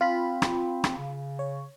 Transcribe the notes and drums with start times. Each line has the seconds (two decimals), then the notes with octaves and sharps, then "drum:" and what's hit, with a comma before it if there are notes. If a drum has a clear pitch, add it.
0.01 C4 F4 B5
0.42 drum: rim click
0.84 drum: rim click
0.98 C#3
1.39 C#5